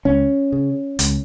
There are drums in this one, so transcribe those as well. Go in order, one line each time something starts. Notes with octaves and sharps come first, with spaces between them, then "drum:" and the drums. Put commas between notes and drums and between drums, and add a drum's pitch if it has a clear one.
C#2 C#4
C#3
C#2, drum: hi-hat